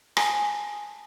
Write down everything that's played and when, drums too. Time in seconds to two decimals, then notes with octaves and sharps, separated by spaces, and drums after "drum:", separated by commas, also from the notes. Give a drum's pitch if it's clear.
0.17 G#5 A5 D#6, drum: rim click